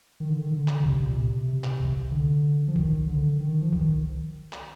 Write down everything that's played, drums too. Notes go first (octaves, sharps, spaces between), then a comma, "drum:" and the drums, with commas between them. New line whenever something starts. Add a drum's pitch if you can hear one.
D#3
D3
D#3
D3
drum: clap
D3
C3, drum: kick C2
A#2
C3
C3
drum: clap
drum: kick C2
D3
F3
D#3, drum: kick C2
D3
D#3
F3
D#3, drum: kick C2
drum: clap